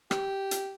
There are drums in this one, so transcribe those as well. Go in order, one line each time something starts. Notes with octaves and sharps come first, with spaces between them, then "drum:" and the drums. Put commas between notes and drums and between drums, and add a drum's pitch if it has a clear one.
G4, drum: rim click
drum: hi-hat